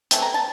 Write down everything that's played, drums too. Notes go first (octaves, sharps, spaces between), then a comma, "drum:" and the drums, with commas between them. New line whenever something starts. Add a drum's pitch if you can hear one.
E3 A3 C4, drum: hi-hat
A#5
A5